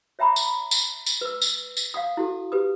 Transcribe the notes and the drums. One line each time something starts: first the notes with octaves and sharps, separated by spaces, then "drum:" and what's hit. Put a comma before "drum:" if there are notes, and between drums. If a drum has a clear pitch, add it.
C#5 E5 G5 A#5 B5 D6
drum: tambourine
drum: tambourine
drum: tambourine
B4 E6
drum: tambourine
drum: tambourine
F5 F#5 D#6
E4 F#4 A4
G4 B4 D#6